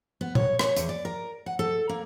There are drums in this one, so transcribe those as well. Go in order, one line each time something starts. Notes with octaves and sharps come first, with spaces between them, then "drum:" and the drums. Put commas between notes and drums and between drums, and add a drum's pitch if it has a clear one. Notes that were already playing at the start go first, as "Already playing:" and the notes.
B3
C#5, drum: tom A#2
C#5, drum: rim click
E2, drum: hi-hat
D5
A#4
F#5
A4
A#3